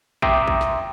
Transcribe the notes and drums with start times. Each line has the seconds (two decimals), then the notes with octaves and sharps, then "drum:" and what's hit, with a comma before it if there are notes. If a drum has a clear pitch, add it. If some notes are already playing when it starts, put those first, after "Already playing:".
0.22 E5 G5 A#5 C6 D6 D#6, drum: kick
0.48 drum: kick
0.61 drum: snare